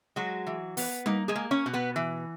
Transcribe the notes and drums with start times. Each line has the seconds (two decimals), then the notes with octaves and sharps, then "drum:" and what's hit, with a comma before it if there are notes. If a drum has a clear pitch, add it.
0.16 F#3 G#3 F#4
0.47 E3
0.77 B3, drum: open hi-hat
1.06 A#3 D#4, drum: tom G3
1.28 G#3 G#4
1.36 A#3
1.51 C#4 C#5
1.66 B2
1.73 B3 B4
1.96 E3